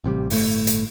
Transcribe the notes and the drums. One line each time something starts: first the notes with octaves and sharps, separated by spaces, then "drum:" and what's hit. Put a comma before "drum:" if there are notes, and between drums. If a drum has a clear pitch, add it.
A1 C3 D#3 G3
G1 A2 C#3 A3, drum: open hi-hat
drum: hi-hat